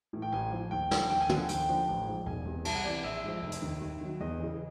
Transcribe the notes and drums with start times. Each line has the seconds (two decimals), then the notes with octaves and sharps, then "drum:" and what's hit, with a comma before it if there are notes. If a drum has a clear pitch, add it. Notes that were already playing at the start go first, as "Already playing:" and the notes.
0.13 A2 E3
0.22 G5
0.32 A1 G#5
0.51 A2 F3
0.71 D#2 G5
0.91 D3 F3, drum: snare
1.10 D#2 G5
1.20 G#5
1.29 D3 F3 G5, drum: tom
1.49 D#2 G5, drum: hi-hat
1.69 D3 F3
1.88 A1
2.07 G#2 F3
2.26 E1 G#5
2.45 E2 C3
2.65 C2 A5, drum: cymbal
2.75 F#5
2.84 C3 E3 D5
3.04 A#1 E5
3.23 G#2 F3
3.42 F1
3.52 drum: hi-hat
3.62 D#2 D#3
3.81 D#2
4.01 D#3 F#3
4.20 E2 D#5
4.40 C#3 E3